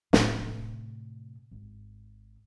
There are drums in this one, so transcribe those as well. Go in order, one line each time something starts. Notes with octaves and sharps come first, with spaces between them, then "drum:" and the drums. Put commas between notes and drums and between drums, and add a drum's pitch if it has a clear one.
A2 C3, drum: snare
G#1